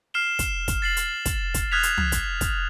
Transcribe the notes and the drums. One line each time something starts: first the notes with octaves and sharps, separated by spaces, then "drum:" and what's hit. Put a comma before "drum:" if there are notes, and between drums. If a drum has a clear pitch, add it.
F6 C7 E7 G7
drum: kick, hi-hat
drum: kick, hi-hat
A6 C7 F#7
drum: hi-hat
drum: kick, hi-hat
drum: kick, hi-hat
D#6 F6 F#6 G#6 B6 F7
drum: hi-hat
drum: tom
drum: kick, hi-hat
drum: kick, hi-hat